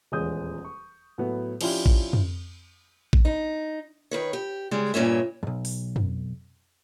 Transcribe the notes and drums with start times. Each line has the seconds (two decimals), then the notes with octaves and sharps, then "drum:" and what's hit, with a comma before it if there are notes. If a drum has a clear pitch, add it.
0.12 D#1 E2 G#3 C#5 D#6 G6
0.65 C#6
1.18 A2 F#3 B3
1.61 F3 C#4 D4 E4 F4 G4, drum: cymbal
1.86 drum: kick A1
2.13 drum: tom F2
3.13 drum: kick A1
3.25 D#4
4.11 D#3 B4 C#5
4.33 G4
4.71 C#3 G3 G#3
4.94 G2 A#2 C#4 C#5 E5
5.43 B1 F2
5.65 drum: open hi-hat
5.96 drum: tom F2